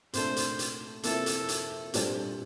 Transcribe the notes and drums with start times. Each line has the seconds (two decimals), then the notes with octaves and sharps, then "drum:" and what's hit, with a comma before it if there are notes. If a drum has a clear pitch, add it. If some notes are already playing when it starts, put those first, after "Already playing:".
0.13 C2 A#2 A3 D4 A4 C5, drum: hi-hat
0.36 drum: hi-hat
0.59 drum: hi-hat
1.03 C3 F3 A#3 E4 A4, drum: hi-hat
1.26 drum: hi-hat
1.48 drum: hi-hat
1.94 A#2 G3 D4 A4 C5, drum: hi-hat